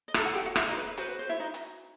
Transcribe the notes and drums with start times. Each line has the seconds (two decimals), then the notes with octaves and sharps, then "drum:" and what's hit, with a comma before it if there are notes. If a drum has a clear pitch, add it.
0.08 D#5
0.14 D#4 E4 F#4 A4 E5, drum: rim click
0.25 F#4 F#5
0.34 G4 G5
0.45 F#4 F#5
0.56 E4 E5, drum: rim click
0.66 D#4 D#5
0.77 B4
0.87 B4
0.98 F#4 B4 C5, drum: hi-hat
1.08 B4
1.19 C5
1.29 E4 E5
1.40 D#4 D#5
1.54 drum: hi-hat